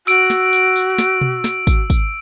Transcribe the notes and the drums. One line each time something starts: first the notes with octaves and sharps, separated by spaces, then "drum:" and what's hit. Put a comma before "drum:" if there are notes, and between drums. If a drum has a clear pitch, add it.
F#4 E6 D7, drum: tambourine
drum: snare
drum: tambourine
drum: tambourine
drum: snare
drum: tom B2
drum: snare
drum: kick, tambourine
drum: kick, tambourine